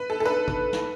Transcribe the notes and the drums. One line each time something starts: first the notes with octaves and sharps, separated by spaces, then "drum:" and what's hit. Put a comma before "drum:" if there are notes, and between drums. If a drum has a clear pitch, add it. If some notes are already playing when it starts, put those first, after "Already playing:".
Already playing: B4
A4
A4
B4
drum: kick
drum: snare